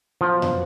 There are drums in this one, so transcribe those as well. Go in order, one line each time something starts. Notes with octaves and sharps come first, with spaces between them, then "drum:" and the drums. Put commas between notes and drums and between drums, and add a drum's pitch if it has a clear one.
A#2 F3 F#3 B3 D4 F#4
drum: tom F2